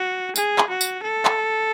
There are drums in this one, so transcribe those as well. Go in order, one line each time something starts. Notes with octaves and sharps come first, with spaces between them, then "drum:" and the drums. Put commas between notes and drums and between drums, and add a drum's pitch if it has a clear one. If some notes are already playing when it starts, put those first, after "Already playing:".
Already playing: F#4
G#4, drum: tambourine
drum: clap
F#4
drum: tambourine
A4
drum: clap